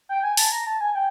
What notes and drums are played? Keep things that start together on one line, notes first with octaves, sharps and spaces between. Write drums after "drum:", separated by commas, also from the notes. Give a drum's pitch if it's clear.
G5
G#5
A5, drum: open hi-hat
A#5
A5
G#5
G5